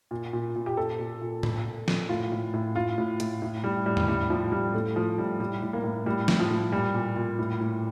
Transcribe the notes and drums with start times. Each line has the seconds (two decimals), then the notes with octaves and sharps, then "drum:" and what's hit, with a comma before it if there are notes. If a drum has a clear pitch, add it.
0.11 A#2
0.33 A#2
0.56 A#2
0.66 G4
0.77 A#2 A4
0.99 A#2
1.21 A#2
1.43 A#2, drum: tom A2
1.66 A#2
1.88 A#2, drum: snare
2.09 A2 F4
2.32 A2
2.54 A2
2.76 A2 F4
2.98 A2
3.20 A2, drum: hi-hat
3.42 A2
3.64 A2 G3
3.86 A2 G3
3.97 drum: tom E2
4.08 A2 G3
4.30 A2 F3
4.52 A2 G3
4.74 A2 A3
4.96 A2 F3
5.18 A2 G3
5.40 A2 G3
5.62 A2
5.73 A#3
5.84 A2
6.06 A2 G3
6.28 A2, drum: snare
6.40 F3
6.51 A2
6.72 A#2 G3
6.94 A#2
7.16 A#2
7.39 A2
7.60 A2